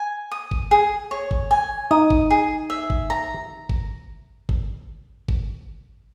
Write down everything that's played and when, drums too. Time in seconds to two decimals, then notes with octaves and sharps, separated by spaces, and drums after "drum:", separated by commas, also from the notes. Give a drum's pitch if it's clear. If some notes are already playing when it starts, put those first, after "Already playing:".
Already playing: G#5
0.32 D#6
0.51 drum: kick
0.71 G#4
1.11 C#5
1.31 drum: kick
1.51 G#5
1.91 D#4 D#6
2.10 drum: kick
2.30 G#4
2.70 E5
2.90 drum: kick
3.10 A#5
3.69 drum: kick
4.49 drum: kick
5.28 drum: kick